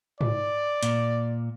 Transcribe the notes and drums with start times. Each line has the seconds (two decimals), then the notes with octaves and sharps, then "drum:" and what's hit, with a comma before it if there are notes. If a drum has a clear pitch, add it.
0.21 D5, drum: tom G#2
0.83 A#2, drum: hi-hat